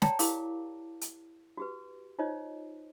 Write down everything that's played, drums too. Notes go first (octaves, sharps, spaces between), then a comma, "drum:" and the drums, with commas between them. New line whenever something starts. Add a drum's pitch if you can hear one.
C#5 D5 G5 A5 A#5 C6, drum: snare
E4 G4 A#4 F5 D6, drum: open hi-hat
drum: hi-hat
F#4 G4 B4
D#4 F4 C5 C#5 D#5